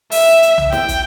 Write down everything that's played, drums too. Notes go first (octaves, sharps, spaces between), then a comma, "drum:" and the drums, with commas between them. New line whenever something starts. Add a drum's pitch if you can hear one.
E5, drum: open hi-hat
drum: hi-hat
drum: tom B1
G5, drum: snare
drum: kick, hi-hat